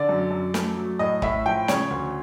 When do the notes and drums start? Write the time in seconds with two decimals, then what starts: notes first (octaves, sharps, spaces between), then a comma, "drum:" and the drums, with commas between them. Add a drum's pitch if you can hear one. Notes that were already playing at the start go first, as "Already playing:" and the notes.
Already playing: D3 D5
0.09 F#2
0.31 F#2
0.54 A3, drum: snare
0.77 F#3
0.99 A2 D#5
1.22 A2 E5, drum: kick
1.46 F3 G5
1.68 C#3 C#5, drum: snare
1.91 D2